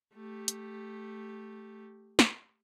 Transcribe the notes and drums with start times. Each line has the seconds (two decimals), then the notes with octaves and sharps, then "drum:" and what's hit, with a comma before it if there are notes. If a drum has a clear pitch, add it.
0.15 A3 G4
0.48 drum: hi-hat
2.19 drum: snare